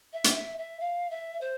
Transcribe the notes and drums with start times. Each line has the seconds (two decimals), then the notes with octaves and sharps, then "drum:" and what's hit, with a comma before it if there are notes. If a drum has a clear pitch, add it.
0.13 E5
0.24 drum: hi-hat
0.35 E5
0.58 E5
0.81 F5
1.11 E5
1.41 C5